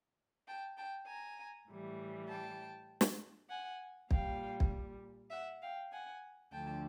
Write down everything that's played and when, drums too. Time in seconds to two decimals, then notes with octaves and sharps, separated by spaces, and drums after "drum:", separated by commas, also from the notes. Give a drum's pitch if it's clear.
0.48 G5 A5
0.78 G5 A5
1.08 G#5 A#5
1.69 A2 E3 G3
2.30 G5 A5
3.01 drum: snare
3.50 F#5 G#5
4.11 A#2 G3 F5 G5, drum: kick
4.60 drum: kick
5.31 E5 F#5
5.62 F5 G5
5.92 F#5 G#5
6.53 D2 D3 F3 G5 A5